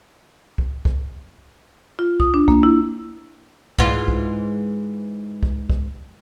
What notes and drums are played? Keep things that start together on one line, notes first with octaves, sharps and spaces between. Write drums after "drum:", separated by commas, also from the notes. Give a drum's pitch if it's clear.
drum: kick
drum: kick
F4
D#6, drum: kick
D4
A#3, drum: kick
E4
G#2 E3 F4, drum: kick
drum: kick
drum: kick
drum: kick